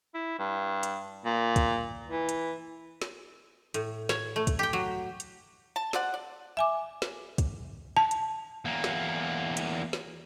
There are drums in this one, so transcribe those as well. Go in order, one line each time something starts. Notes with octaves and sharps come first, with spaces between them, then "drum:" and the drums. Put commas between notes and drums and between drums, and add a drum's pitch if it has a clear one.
E4
G2
drum: hi-hat
A#2
drum: kick, hi-hat
E3
drum: hi-hat
drum: snare
A2, drum: hi-hat
C#5, drum: snare
A3
drum: kick, hi-hat
G4 G5
F#3
drum: hi-hat
A5
C5 D5 F#5, drum: snare
D5
E5 G#5 D6
drum: snare
drum: kick, hi-hat
A5
drum: hi-hat
E2 A#3
drum: snare
drum: hi-hat
drum: snare